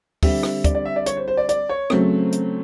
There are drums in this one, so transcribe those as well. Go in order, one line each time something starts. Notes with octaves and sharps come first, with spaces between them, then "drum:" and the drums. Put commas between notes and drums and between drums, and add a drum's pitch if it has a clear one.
D3 G3 C4 E5, drum: kick, open hi-hat
drum: rim click
D5, drum: kick, hi-hat
D5
E5
D5
C#5, drum: hi-hat
C5
C5
D5
D5, drum: hi-hat
C#5
C#3 F#3 A3 C4 C5, drum: rim click
drum: hi-hat